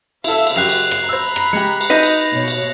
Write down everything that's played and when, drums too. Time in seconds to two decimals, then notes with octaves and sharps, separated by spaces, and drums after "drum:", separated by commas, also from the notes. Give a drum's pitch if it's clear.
0.24 E4 A4 E5 F5, drum: cymbal
0.47 drum: cymbal
0.56 F#2 C#3 G4 F#6 C7 F7
0.69 drum: cymbal
0.91 drum: rim click
1.09 C5 A#5 B5 E6
1.36 drum: rim click
1.53 G#3 G4 C#7
1.81 drum: cymbal
1.90 D#4 B4 A#6
2.03 drum: cymbal
2.33 B2 C#5
2.48 drum: cymbal